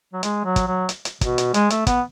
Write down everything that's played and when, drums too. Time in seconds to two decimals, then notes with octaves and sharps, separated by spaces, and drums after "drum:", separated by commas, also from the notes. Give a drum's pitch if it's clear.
0.13 F#3
0.23 G#3, drum: hi-hat
0.45 F#3
0.56 drum: kick, hi-hat
0.67 F#3
0.89 drum: hi-hat
1.05 drum: hi-hat
1.21 B2, drum: kick, hi-hat
1.38 drum: hi-hat
1.54 G#3, drum: hi-hat
1.70 A3, drum: hi-hat
1.87 B3, drum: kick, hi-hat